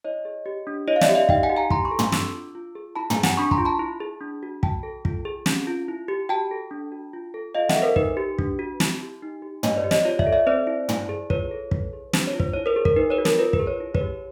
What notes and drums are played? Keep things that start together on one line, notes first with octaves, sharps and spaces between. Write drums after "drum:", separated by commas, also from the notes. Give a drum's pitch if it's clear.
E4 C#5 D#5
G#4
G4
D4
E4 C#5 D#5
F5
D5 E5, drum: snare
G4
D#5 F5
D#4 F5 G5, drum: kick
F#5 G#5
G4
G#5 A#5
E4 A#5 C6, drum: kick
B5 C#6
A4
C6 D6, drum: tom
D4 D6 E6, drum: snare
F4
F4
G#4
E4 A5 B5
G#5 A#5, drum: tom
G#4
F#5 G#5, drum: snare
D4 B5 C#6
A#5 C6, drum: kick
F4
A5 B5
E4
G#4
D4
F#4
F#4 G5 A5, drum: kick
A4
F4, drum: kick
G#4
C#4, drum: snare
F4
E4
G4
F#4 G5 A5
A4
D4
F#4
F4
A4
F4 D#5 F5
E5 F#5, drum: snare
A4
A#4 C5
D#4 B4, drum: kick
G4
D4, drum: kick
F#4
E4, drum: snare
G4
D#4
G4
E4 C#5 D#5, drum: tom
C5 D5
G4
C#5 D#5, drum: snare
F4 C#5 D#5
D5 E5, drum: kick
A4
D5 E5
C4 C5 D5
E4
E4, drum: tom
G#4
F4 B4 C#5, drum: kick
A4
E4, drum: kick
G#4
D4 C5, drum: snare
C#5
F4
C5, drum: kick
E4 C#5
A#4 C5
G#4
A#4, drum: kick
D#4 B4
B4 C#5
F#4
A#4, drum: snare
F4 B4
B4, drum: kick
G#4
B4 C#5
E4
B4 C#5, drum: kick
G4